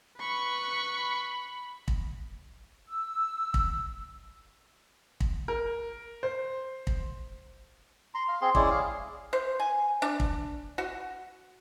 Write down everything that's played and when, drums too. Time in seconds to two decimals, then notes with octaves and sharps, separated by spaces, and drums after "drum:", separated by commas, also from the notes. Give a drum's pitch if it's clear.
0.19 B4 B5 C#6
1.88 drum: kick
2.90 E6
3.54 drum: kick
5.20 drum: kick
5.48 A#4
6.23 C5
6.87 drum: kick
8.15 A#5 C6
8.28 F5
8.41 C4 G#4 C6
8.55 G#3 C#4 E4 D5, drum: kick
8.71 G#4 F5
9.33 C5
9.60 G#5
10.02 D4
10.20 drum: kick
10.78 F#4